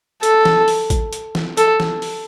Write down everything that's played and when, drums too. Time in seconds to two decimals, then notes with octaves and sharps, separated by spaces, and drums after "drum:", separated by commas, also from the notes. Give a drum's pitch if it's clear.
0.23 A4, drum: hi-hat
0.45 drum: snare
0.68 drum: open hi-hat
0.90 drum: kick, hi-hat
1.13 drum: hi-hat
1.35 drum: snare
1.57 A4, drum: hi-hat
1.80 drum: snare
2.02 drum: open hi-hat